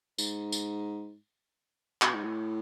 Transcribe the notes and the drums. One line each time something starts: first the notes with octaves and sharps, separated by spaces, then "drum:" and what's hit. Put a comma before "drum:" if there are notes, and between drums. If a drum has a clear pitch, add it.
G#2, drum: tambourine
drum: tambourine
B2, drum: clap
G#2
A2